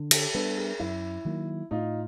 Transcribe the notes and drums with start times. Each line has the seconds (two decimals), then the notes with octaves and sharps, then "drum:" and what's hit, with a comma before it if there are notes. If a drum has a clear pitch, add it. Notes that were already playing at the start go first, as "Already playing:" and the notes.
Already playing: D3
0.11 G4 A4, drum: cymbal
0.34 G3 B3 D4 A4 B4
0.57 G#4 A#4
0.80 F#2 E4
1.25 D#3 F#3 A#3
1.71 A2 D#4 F4